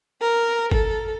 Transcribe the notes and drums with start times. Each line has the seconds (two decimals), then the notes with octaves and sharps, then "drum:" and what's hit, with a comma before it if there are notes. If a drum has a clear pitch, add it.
0.21 A#4
0.71 A4, drum: kick G1